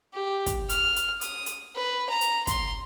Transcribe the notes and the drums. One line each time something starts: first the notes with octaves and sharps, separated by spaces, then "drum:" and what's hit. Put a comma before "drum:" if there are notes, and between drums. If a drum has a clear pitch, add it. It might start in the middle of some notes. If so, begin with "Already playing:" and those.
G4
drum: kick, hi-hat
F6, drum: hi-hat
drum: hi-hat
D#6, drum: hi-hat
drum: hi-hat
B4
A#5
drum: hi-hat
C6, drum: kick, hi-hat